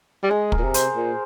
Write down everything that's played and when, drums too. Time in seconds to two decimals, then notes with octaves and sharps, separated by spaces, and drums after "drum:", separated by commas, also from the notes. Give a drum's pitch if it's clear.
0.24 G3
0.30 G#3 G#4
0.52 A#4, drum: kick
0.59 A#2
0.64 C3
0.74 C5, drum: hi-hat
0.96 A#2